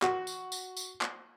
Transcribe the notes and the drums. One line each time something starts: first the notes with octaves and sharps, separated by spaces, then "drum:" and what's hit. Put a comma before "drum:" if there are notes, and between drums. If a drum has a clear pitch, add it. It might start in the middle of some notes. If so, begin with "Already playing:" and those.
F#4, drum: clap
drum: tambourine
drum: tambourine
drum: tambourine
drum: clap